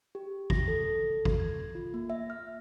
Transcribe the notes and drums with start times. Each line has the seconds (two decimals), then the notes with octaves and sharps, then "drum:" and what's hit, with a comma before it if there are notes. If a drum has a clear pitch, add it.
0.15 G4
0.50 A#6, drum: kick G#1
0.68 A4
1.25 drum: kick G#1
1.40 G#6
1.75 F4
1.94 A#3
2.10 E5
2.30 F6